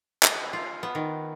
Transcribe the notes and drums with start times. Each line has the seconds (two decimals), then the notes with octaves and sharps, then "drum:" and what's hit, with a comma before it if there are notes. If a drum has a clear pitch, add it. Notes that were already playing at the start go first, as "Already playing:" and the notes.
0.23 D#5, drum: clap
0.53 F4
0.83 B3
0.95 D#3